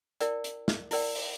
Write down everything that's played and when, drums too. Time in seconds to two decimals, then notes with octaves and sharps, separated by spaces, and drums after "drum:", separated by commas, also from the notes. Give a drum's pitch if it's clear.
0.20 E4 A#4 D5 G5, drum: hi-hat
0.44 drum: hi-hat
0.68 drum: snare
0.91 E4 A#4 D5 G5, drum: open hi-hat
1.15 drum: open hi-hat